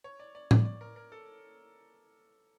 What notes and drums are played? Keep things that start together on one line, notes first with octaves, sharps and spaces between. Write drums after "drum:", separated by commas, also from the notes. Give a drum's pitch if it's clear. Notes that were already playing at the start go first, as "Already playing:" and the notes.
C#5
D5
D5
D5, drum: tom A2
D5
A#4
A#4
A4